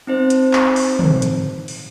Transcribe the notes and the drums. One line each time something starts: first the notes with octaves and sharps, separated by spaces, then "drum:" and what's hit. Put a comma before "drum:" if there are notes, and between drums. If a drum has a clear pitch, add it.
C4 D#4 C5
drum: hi-hat
drum: clap
drum: open hi-hat
drum: tom
drum: hi-hat
drum: open hi-hat